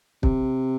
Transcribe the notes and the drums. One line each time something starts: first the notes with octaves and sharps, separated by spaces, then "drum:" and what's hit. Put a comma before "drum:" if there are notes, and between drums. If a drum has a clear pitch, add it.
C3, drum: kick